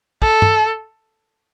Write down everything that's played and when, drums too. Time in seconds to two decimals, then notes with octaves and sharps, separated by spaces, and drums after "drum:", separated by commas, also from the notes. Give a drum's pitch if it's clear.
0.22 A4, drum: kick
0.42 drum: tom